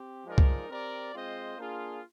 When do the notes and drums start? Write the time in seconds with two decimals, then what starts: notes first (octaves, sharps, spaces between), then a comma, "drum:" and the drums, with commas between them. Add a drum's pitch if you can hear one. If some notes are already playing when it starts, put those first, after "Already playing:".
Already playing: C4 G4
0.26 F3 G#3 D#4 A#4 D5
0.38 drum: kick
0.69 C4 G4 A#4 D5
1.14 G#3 C4 F4 C5 D#5
1.57 A#3 D4 F4 G#4